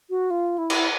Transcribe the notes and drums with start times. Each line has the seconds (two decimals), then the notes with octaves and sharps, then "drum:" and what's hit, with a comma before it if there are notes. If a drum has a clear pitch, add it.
0.10 F#4
0.31 F4
0.58 E4
0.70 drum: cymbal